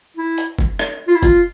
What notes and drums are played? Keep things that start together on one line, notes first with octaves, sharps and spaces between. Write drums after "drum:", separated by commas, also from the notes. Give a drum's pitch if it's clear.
E4
drum: hi-hat
drum: kick
drum: rim click
F4
E4
F4, drum: kick, hi-hat